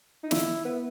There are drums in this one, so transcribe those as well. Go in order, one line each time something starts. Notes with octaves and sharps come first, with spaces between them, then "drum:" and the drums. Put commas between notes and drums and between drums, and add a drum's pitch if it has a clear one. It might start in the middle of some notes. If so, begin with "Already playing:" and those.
D#4
E4, drum: snare
B3